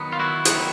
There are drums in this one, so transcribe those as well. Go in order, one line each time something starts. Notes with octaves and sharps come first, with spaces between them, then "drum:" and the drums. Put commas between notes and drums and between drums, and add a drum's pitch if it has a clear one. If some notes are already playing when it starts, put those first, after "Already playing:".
Already playing: D#3 F#3 B3
F4
E4 F#4
D#3 F#3 B3, drum: hi-hat